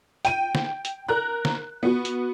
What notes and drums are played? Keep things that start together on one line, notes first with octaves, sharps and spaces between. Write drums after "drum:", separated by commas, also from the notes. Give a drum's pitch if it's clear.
G5 D#7, drum: hi-hat
drum: snare
drum: hi-hat
A#4 A#5 F#6
drum: snare
B3 F#4
drum: hi-hat